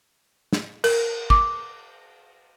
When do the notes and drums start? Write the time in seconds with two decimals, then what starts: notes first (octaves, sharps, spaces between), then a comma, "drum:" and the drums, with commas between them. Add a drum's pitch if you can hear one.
0.53 drum: snare
0.84 A#4, drum: cymbal
1.30 D6, drum: kick